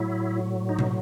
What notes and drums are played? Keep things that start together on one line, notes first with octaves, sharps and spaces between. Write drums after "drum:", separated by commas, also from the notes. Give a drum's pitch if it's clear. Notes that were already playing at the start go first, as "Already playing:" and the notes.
Already playing: A2 F#3 E4
D#4
drum: tom